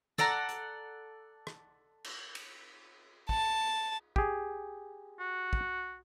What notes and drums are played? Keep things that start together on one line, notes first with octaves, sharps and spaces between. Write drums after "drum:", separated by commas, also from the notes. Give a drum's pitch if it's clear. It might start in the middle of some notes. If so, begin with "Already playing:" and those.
A4 D5 F#5 A#5, drum: snare
drum: hi-hat
drum: rim click
drum: cymbal
drum: cymbal
A5, drum: kick
G4 G#4, drum: kick
F#4
drum: kick